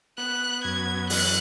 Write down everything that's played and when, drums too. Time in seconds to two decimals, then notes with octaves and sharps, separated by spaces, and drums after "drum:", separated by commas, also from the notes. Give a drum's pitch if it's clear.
0.18 B3 F#6
0.64 F#2 G#6
1.10 E3 F#6, drum: open hi-hat